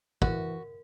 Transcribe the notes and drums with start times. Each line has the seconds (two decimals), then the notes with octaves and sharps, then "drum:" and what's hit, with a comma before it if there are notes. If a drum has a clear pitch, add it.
0.22 E3 F#4 A#4, drum: kick